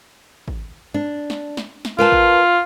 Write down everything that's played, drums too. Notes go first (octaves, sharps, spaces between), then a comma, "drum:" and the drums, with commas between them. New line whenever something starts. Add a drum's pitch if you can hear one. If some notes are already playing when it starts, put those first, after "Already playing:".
drum: kick G#1
D4
drum: snare
drum: snare
drum: snare
F4 A#4 B4 A5
drum: kick G#1